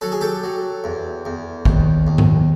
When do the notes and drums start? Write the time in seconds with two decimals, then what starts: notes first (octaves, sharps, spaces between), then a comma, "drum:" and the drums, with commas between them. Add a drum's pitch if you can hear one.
0.01 F#3 A4
0.12 G#4
0.21 G4 A4
0.44 F#3
0.84 E2
1.25 E2
1.65 D#2, drum: kick
2.07 D#2
2.18 drum: tom G#2